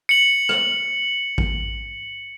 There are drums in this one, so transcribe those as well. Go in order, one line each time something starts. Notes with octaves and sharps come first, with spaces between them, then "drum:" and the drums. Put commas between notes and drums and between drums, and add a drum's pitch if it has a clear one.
C#7 F#7
drum: rim click
drum: kick A1